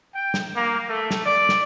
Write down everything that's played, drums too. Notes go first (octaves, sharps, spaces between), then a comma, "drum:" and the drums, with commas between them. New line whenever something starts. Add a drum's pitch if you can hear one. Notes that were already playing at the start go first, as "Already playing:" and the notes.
G5
drum: snare
A#3
A3
drum: snare
D5
drum: snare